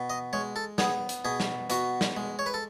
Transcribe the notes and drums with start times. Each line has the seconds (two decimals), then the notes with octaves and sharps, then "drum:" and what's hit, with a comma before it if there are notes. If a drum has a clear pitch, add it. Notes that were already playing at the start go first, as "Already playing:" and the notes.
Already playing: B2
0.10 D#5
0.33 G#3 C#5
0.56 A4
0.78 B3 G#4, drum: snare
1.09 drum: hi-hat
1.25 B2 G#4
1.40 drum: snare
1.70 B2 F#4, drum: hi-hat
2.01 drum: snare
2.17 G#3
2.39 C#5
2.46 B4
2.54 A4